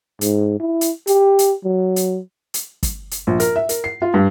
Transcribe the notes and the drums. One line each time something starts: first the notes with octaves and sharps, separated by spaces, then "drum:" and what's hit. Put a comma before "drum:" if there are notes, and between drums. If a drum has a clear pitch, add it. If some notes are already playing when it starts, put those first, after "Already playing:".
G#2, drum: hi-hat
E4
drum: hi-hat
G4, drum: hi-hat
drum: hi-hat
F#3
drum: hi-hat
drum: hi-hat
drum: kick, hi-hat
drum: hi-hat
A#1
A#4, drum: hi-hat
E5
A#4, drum: hi-hat
C7
F4
G2